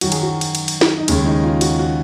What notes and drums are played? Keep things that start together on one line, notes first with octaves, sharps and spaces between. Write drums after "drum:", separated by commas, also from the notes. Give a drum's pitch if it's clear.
F#2 D#3 F#3 F#4, drum: cymbal
G#4, drum: cymbal
F#4
drum: cymbal
drum: cymbal
drum: cymbal
drum: snare
D#4
D#2 C#3 G#3 C#4, drum: cymbal
D#4
F4
F#4, drum: cymbal
F#4